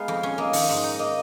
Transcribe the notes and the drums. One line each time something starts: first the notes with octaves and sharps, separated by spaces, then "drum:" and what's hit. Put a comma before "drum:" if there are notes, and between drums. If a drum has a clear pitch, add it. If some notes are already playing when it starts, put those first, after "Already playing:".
Already playing: G#3 B3 D#4 F5
F2
C#4
A#3 D#5
D#3, drum: open hi-hat
G#2
D#4
A#3 D#5